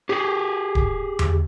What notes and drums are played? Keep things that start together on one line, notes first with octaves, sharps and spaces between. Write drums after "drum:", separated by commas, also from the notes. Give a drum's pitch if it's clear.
G4 G#4
drum: kick D#1
drum: tom E2